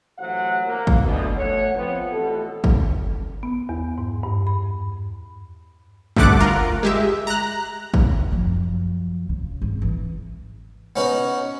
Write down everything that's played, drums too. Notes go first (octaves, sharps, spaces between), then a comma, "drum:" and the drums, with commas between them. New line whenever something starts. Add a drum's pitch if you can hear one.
A1 C3 F#3 C5 F#5
A#3
drum: kick
D2 B2
A3 C#5 F#5
F3 B3 C4
A1 E2 B2 A4
drum: kick
B3
E2
G#2
G2
B5
D2 G2 A3 F#5 D6 F#6, drum: kick
F4 A#4
G#3 G4 E5
A#5 F#6
drum: kick
F#2 F3
C#3
G#1
E3
B3 C#4 D#4 F#4